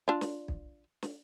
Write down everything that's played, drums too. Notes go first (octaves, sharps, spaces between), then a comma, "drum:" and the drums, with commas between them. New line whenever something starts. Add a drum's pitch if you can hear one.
D4 F4
drum: snare
drum: kick B1
drum: snare